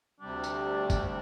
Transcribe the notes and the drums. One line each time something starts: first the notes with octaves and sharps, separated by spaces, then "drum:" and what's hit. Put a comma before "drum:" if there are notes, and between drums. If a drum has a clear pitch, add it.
D2 C3 G3 D4
drum: tambourine
drum: kick, tambourine